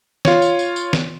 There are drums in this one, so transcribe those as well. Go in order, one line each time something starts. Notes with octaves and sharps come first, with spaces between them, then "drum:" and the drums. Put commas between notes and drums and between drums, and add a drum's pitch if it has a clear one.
F4 C#5, drum: snare
drum: tambourine
drum: tambourine
drum: tambourine
drum: snare